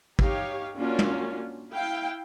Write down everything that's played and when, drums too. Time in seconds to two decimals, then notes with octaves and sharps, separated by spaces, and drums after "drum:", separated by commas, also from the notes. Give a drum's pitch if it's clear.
0.19 D#4 G4 C#5 F5, drum: kick
0.77 A#3 C#4 D4 F4 F#4
0.99 drum: tom
1.72 E4 F5 G5